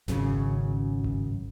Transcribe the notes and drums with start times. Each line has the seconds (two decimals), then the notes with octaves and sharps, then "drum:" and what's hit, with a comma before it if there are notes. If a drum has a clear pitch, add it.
0.08 G#1 F#2 A#2 C#3, drum: snare
1.04 drum: kick G1